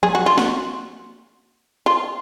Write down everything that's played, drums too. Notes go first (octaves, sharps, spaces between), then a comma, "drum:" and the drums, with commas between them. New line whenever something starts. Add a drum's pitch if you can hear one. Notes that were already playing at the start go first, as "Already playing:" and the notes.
G#4, drum: tom F3
F#4
F4
F#4, drum: snare
F4